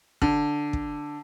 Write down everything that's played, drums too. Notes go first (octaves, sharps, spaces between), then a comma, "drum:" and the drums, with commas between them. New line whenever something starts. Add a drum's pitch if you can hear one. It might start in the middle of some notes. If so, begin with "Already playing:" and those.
D3, drum: kick
drum: kick